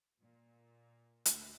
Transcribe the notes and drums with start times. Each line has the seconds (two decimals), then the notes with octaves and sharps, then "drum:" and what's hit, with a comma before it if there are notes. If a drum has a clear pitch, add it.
0.22 A#2
1.26 D2, drum: hi-hat